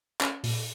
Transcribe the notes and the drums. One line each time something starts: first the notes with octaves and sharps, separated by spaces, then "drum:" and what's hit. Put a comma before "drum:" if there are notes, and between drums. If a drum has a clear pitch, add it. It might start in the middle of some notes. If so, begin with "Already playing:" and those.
C#4, drum: clap
A#2, drum: open hi-hat